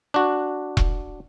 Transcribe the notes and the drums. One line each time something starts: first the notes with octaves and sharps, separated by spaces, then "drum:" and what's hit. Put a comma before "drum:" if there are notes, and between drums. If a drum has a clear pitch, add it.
D4 F#4
drum: kick E1